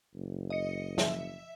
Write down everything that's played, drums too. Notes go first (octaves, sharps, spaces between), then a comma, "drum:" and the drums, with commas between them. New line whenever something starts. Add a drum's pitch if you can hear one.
F#1
D#5 C#7
E5, drum: snare